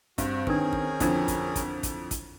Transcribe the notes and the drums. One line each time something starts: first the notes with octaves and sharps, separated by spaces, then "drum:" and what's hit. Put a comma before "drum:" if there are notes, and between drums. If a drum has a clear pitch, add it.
G2 C4 F#4, drum: kick, hi-hat
D#3 C#4 D4 G#4 A#4 B4, drum: kick
drum: kick
F2 D3 F3 D4 E4, drum: kick, hi-hat
drum: kick, hi-hat
drum: kick, hi-hat
drum: kick, hi-hat
drum: kick, hi-hat